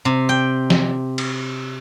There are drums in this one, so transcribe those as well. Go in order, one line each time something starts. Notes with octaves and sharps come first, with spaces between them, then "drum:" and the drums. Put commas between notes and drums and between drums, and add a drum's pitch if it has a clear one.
C3
G5
drum: snare
drum: cymbal